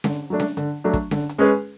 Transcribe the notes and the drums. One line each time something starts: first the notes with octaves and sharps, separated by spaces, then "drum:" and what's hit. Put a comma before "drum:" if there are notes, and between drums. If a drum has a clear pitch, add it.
D3, drum: snare C#4
F#3 A3 D4
drum: snare C#4
D3, drum: hi-hat
F#3 A3 D4
drum: kick, hi-hat
D3, drum: snare C#4
drum: hi-hat
G#3 C#4 G#4 B4